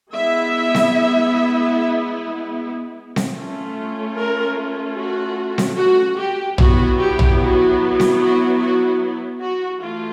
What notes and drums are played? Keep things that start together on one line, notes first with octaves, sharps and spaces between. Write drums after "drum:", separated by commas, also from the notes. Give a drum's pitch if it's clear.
G#3 B3 E4 E5
drum: snare C4
drum: snare C4
A3 C#4 F4
A#4
F#4
drum: snare C4
F#4
G4
F#3 B3 E4 F#4, drum: tom A#1
G4
drum: tom A#1
F#4
drum: snare C4
F#4
F#4
F#4
E3 A3 F4